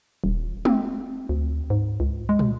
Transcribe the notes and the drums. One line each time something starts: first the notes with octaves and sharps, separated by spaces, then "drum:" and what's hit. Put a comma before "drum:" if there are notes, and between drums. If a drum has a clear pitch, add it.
D#1
C4, drum: tom G#3
D2
G#2
C#2
G#3
drum: tom